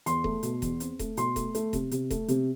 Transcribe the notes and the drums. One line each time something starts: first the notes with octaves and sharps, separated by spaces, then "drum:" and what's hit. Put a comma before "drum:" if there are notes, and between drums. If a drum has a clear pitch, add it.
E2 C6, drum: hi-hat
A3, drum: kick D#1
B2, drum: hi-hat
E2, drum: kick D#1, hi-hat
C4, drum: hi-hat
A3, drum: kick D#1, hi-hat
B2 C6, drum: hi-hat
A3, drum: kick D#1, hi-hat
A3, drum: hi-hat
C3, drum: kick D#1, hi-hat
C3, drum: hi-hat
A3, drum: kick D#1, hi-hat
C3, drum: hi-hat